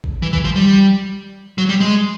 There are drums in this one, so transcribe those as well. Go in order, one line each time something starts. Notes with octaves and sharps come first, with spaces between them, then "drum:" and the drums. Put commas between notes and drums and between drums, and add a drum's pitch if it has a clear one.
drum: kick A1
E3
E3, drum: kick A1
F3
G3
F#3
G3
G#3